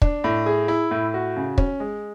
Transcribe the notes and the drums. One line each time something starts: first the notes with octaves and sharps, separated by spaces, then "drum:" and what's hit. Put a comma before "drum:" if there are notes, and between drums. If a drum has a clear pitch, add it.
D4, drum: kick
A2
G#4
E4
A2
F#4
C#3
C#4, drum: kick
G#3